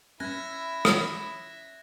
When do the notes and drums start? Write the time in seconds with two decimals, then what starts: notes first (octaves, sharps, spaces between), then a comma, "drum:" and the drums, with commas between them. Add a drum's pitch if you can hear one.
0.20 C#4 E4 E5 F#6 G#6 A#6
0.85 drum: rim click